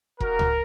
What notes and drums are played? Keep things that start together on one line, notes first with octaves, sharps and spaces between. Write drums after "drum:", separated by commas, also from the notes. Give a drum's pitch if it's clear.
A#3 D#4 F#4 A#4, drum: kick E1
drum: tom C#2